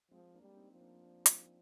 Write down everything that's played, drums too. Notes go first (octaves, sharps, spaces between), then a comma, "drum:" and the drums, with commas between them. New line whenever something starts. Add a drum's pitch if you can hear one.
F3 G#3 C4
A#3 D4
G3
C4 D#4
F3
A#3 D4
A#3 D4
C4 D#4, drum: hi-hat